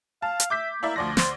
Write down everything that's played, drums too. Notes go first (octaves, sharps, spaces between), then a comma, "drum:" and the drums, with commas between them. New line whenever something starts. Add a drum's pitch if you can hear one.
F5 A5
drum: hi-hat
E5 D6 G6 B6
A#3 E4 D5 E5
D2 F3 D5 A#6
C5, drum: snare